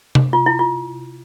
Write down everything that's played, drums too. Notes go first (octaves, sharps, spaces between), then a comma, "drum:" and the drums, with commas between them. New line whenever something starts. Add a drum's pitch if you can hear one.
drum: tom C3
F4
E4
F4